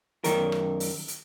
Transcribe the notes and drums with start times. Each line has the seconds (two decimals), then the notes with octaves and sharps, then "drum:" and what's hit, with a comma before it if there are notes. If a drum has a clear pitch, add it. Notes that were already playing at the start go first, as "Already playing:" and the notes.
0.24 F#2 D#3 A#4, drum: hi-hat
0.52 drum: rim click
0.80 drum: open hi-hat
1.08 drum: hi-hat